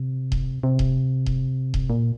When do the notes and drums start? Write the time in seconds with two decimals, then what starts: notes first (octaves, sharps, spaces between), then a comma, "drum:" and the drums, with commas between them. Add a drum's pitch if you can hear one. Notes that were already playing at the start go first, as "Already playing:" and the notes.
Already playing: C3
0.32 drum: kick D#1
0.63 C3
0.79 drum: kick D#1
1.26 drum: kick D#1
1.74 drum: kick D#1
1.90 A#2